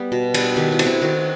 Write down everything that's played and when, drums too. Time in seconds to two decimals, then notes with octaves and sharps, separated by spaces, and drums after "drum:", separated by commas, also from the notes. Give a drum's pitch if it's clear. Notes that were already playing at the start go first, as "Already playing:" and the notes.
Already playing: G3 B3
0.12 B2
0.34 G3 B3, drum: cymbal
0.57 D#3 G4
0.72 E4
0.79 A3 C4, drum: cymbal
0.86 E4
1.01 D#3 F#4